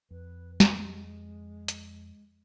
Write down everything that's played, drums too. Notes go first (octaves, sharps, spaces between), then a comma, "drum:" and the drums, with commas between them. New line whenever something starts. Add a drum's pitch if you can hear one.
F2 B4
G#3, drum: snare
drum: hi-hat